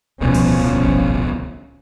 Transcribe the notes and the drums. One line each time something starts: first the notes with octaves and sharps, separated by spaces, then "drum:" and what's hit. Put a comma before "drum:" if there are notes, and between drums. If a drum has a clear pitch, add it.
D1 C2 B2 F3 C#4
drum: open hi-hat
drum: kick G#1